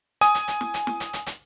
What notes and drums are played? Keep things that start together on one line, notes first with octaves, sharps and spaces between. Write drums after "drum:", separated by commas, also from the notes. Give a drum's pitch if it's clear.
G#5 D#6, drum: hi-hat
drum: hi-hat
drum: hi-hat
drum: snare
drum: hi-hat
drum: snare
drum: hi-hat
drum: hi-hat
drum: hi-hat